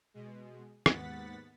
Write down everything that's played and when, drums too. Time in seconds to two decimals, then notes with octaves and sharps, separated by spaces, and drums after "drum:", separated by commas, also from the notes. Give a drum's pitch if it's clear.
0.14 B2 G#3
0.86 D#2 G#2 B3 F#5 A6 B6, drum: rim click